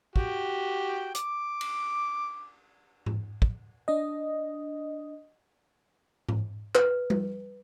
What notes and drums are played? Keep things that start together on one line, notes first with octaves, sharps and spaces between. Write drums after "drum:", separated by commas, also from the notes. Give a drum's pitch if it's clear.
F#4 G4 G5, drum: kick
D6, drum: hi-hat
drum: cymbal
drum: tom G#2
drum: kick
D4 D#5
drum: tom G#2
B4, drum: clap
drum: tom G3